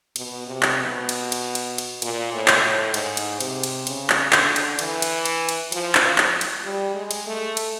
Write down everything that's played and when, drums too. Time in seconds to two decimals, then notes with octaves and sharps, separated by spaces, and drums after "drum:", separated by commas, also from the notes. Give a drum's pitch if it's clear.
0.16 B2, drum: cymbal
0.47 C3
0.63 drum: clap
0.79 B2
1.09 drum: cymbal
1.32 drum: cymbal
1.55 drum: cymbal
1.78 drum: cymbal
2.02 A#2, drum: cymbal
2.33 A2
2.48 drum: clap
2.63 A2
2.94 G#2, drum: cymbal
3.17 drum: cymbal
3.40 C3, drum: cymbal
3.63 drum: cymbal
3.87 C#3, drum: cymbal
4.10 drum: clap
4.33 D3, drum: clap
4.56 drum: cymbal
4.79 E3, drum: cymbal
5.02 drum: cymbal
5.25 drum: cymbal
5.49 drum: cymbal
5.72 F3, drum: cymbal
5.95 drum: clap
6.18 drum: clap
6.41 drum: cymbal
6.64 G3
6.95 G#3
7.11 drum: cymbal
7.27 A3
7.57 drum: cymbal